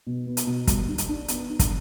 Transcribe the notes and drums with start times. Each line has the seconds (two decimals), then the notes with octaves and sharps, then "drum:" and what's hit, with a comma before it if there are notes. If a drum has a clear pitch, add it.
0.07 B2
0.27 B3
0.37 drum: hi-hat
0.47 B2
0.67 G3, drum: kick, hi-hat
0.88 D4
0.98 drum: hi-hat
1.09 D4
1.28 B3, drum: hi-hat
1.50 D4
1.59 drum: kick, hi-hat